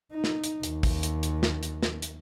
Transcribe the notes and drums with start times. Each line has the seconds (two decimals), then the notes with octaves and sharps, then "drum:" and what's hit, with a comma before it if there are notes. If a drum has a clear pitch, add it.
0.11 D#4
0.24 drum: snare
0.44 drum: hi-hat
0.63 D#2, drum: hi-hat
0.83 drum: kick, open hi-hat
1.03 drum: hi-hat
1.23 drum: hi-hat
1.43 drum: snare
1.63 drum: hi-hat
1.83 drum: snare
2.02 drum: hi-hat